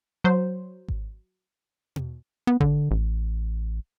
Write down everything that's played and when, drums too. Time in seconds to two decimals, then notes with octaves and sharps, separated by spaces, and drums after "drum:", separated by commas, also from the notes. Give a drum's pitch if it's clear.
0.24 F#3 C5
0.88 drum: kick G#1
1.96 drum: tom B2
2.47 B3
2.60 D3, drum: kick G#1
2.91 A1